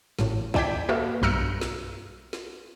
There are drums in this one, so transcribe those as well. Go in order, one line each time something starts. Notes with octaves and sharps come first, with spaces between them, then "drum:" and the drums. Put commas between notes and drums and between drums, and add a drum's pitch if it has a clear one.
A1 A2, drum: snare
E4 D5 G5 G#6 B6, drum: kick
A#3 F#4 A4 B4 E5 F5
B1 G2 A#5 E6 F6 C#7
drum: snare
drum: snare